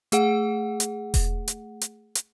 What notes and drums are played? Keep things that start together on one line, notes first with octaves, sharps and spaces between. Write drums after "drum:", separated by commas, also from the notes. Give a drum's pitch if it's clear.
A3 G#4 F#5, drum: hi-hat
drum: hi-hat
drum: kick E1, open hi-hat
drum: hi-hat
drum: hi-hat
drum: hi-hat